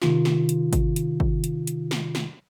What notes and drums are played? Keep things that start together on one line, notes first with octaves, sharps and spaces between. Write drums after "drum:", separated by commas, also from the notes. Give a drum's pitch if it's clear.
C3 D#3 F4, drum: snare
drum: snare
drum: hi-hat
drum: kick G#1, hi-hat
drum: hi-hat
drum: kick G#1
drum: hi-hat
drum: hi-hat
drum: snare
drum: snare